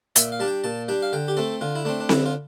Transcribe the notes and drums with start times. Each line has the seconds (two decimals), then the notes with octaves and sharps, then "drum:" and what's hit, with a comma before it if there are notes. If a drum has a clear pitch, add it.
0.16 A#2 E5, drum: hi-hat
0.32 F5
0.40 G3 D4 A5
0.48 G5
0.64 A#2 A5
0.88 G3 D4 G5
1.02 F5
1.13 D3 G5
1.28 G4
1.37 A3 C4 A4
1.61 D3 F4
1.75 E4
1.85 A3 C4 D4
2.00 D4
2.09 D3 E4, drum: snare C4
2.26 F4